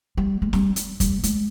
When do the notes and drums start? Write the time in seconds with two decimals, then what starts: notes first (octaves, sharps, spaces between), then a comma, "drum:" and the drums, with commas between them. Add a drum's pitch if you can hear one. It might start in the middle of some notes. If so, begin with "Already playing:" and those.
0.17 G3
0.42 G#3
0.53 G3, drum: snare
0.76 drum: hi-hat
1.00 G3, drum: kick, hi-hat
1.23 G#3, drum: hi-hat